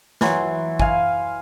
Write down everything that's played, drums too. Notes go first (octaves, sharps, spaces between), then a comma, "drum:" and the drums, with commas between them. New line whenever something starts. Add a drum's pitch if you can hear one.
E3 F#3 C6, drum: snare
F5 G#5, drum: kick G#1